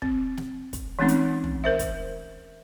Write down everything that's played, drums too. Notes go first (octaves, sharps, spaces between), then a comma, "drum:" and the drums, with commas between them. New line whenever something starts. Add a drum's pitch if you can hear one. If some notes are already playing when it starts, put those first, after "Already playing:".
C4, drum: kick
drum: snare
drum: kick, hi-hat
E3 G#3 A3 C4 C#4 D#4
drum: hi-hat
drum: tom
A#4 C5 E5
drum: kick, hi-hat